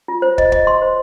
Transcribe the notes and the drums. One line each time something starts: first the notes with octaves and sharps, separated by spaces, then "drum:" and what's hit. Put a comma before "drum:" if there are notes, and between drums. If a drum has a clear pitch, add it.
F4
C5
D#5, drum: kick
D#5, drum: kick
C6
C5